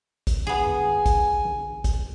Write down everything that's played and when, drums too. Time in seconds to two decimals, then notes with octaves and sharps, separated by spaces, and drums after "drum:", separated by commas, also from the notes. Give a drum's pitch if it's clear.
0.27 drum: kick, hi-hat
0.47 B3 G#4 G#5
0.66 drum: tom F#2
1.06 drum: kick, hi-hat
1.45 drum: tom E3
1.84 drum: kick, hi-hat